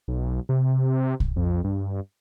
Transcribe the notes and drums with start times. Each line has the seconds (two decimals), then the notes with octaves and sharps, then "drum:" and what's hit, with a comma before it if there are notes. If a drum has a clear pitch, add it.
0.08 B1
0.49 C3
1.20 drum: kick
1.36 F2
1.64 G2